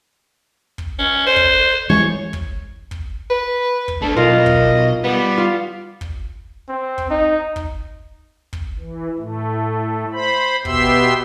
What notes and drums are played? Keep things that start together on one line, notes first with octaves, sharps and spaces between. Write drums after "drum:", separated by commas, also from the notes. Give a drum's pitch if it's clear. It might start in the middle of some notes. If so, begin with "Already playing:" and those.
drum: kick
C#4
C5
drum: kick
E3 G#3 C#5
drum: kick
drum: kick
B4
drum: kick
A3 D4 A4
B1 F4 A#4 D#5
drum: kick
G3 B3
F4
drum: kick
C4
drum: kick
D#4
drum: kick
drum: kick
E3
A2 A3
C5 B5
B2 B3 G4 E5 C6 E6, drum: kick